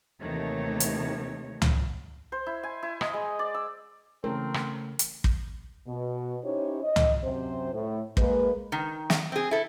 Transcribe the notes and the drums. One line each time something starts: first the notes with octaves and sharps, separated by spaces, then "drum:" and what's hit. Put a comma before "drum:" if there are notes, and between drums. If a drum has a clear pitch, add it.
D#2 C3 D#3 E3 A3 C#5
drum: hi-hat
drum: tom
C5
E4
G#5
E4
D#5, drum: rim click
G#3
D5
E6
C#3 E3 A3 C4 C#4 A#4
drum: rim click
drum: hi-hat
drum: kick
B2
C#4 D#4 E4 G4 C5 C#5
D#5
drum: tom
F#2 C3 C5
A2
G#3 A#3 B4, drum: kick
D#3
drum: snare
C4 G#4
E4 A4